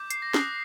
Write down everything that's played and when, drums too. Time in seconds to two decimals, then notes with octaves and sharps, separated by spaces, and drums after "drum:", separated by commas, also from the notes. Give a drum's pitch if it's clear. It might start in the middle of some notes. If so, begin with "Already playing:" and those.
Already playing: D6 G6
0.10 C7, drum: hi-hat
0.22 A#6
0.34 D#6 F#6 C7, drum: snare